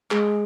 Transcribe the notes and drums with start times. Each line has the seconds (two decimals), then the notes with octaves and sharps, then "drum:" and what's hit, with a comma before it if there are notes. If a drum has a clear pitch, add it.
0.11 G#3 G#4, drum: clap